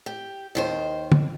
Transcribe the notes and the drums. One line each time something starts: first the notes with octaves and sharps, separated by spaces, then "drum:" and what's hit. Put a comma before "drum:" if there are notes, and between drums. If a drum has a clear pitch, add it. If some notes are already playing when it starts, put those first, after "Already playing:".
G4
D#2 D#3 C5
drum: tom